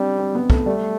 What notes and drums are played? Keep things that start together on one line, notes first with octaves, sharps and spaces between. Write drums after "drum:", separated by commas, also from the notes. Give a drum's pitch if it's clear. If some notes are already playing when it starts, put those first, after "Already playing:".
Already playing: G3 C4 D4
C4
B3
A3, drum: kick
G3 A3